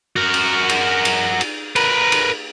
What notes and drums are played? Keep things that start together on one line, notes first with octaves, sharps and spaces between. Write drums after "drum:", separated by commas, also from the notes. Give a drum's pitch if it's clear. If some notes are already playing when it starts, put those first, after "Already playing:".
F#4 A#4
drum: cymbal
drum: cymbal
drum: cymbal
drum: cymbal
A#4 B4, drum: cymbal
drum: cymbal